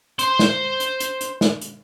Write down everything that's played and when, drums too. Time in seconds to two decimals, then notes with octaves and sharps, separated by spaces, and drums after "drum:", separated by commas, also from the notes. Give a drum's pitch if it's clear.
0.19 C5 C6, drum: hi-hat
0.39 drum: snare
0.80 drum: hi-hat
1.00 drum: hi-hat
1.21 drum: hi-hat
1.41 drum: snare
1.61 drum: hi-hat